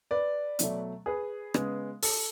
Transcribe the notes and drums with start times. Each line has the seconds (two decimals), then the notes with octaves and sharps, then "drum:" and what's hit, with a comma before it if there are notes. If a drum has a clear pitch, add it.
0.11 B4 D5
0.59 B2 F#3 A3, drum: hi-hat
1.06 G#4 B4
1.54 C#3 G#3 B3, drum: rim click
2.03 A4, drum: open hi-hat